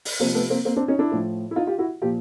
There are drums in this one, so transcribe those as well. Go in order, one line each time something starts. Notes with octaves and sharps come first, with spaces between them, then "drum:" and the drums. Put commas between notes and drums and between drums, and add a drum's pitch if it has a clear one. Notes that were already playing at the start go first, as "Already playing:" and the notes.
drum: open hi-hat
C3 F3 A#3 C4
A3 B3
A#3 C4
A#3 C4
C4 D4
C#4 D#4
D4 E4
A2 F3
E4
D#4 F4
F4 G4
E4 F#4
A#2 F3 F4 G4